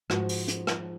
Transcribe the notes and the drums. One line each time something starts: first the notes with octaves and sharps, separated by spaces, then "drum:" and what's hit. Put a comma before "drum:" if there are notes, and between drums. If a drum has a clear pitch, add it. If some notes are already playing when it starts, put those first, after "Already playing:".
G#2 F3 F#4, drum: rim click
drum: open hi-hat
drum: hi-hat
drum: rim click